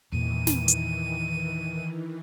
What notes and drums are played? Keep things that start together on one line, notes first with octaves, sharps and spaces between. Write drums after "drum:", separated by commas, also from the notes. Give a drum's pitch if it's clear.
E2 A#2 D#3 E3 D#7
drum: snare
drum: hi-hat